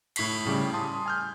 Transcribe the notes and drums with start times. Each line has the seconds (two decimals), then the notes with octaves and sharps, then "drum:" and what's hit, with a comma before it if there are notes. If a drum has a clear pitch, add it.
0.16 A2 E4 C#6 B6 C7, drum: cymbal
0.45 A2 C#3 G3 D6
0.73 A5 C6 D#6
1.06 G#5 F6 G6